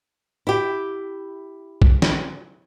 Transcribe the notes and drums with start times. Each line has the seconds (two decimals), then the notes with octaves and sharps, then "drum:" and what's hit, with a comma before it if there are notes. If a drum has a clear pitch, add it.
0.47 E4 G4
1.82 drum: kick
2.02 drum: snare